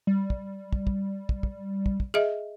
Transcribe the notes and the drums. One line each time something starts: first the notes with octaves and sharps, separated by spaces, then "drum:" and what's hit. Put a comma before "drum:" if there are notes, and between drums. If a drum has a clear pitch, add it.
G3
drum: kick
drum: kick
drum: kick
drum: kick
drum: kick
drum: kick
drum: kick
G#4 D#5 E5